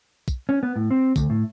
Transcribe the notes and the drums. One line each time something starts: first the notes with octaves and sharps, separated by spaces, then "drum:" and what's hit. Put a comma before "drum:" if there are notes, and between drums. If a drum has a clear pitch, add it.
drum: kick, tambourine
C#4
B3
A2
C4
D2, drum: kick, tambourine
A2